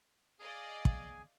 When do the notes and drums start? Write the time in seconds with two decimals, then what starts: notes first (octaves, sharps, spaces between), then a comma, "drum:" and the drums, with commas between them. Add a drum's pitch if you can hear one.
0.39 G#4 D5 D#5 F5 G#5
0.85 drum: kick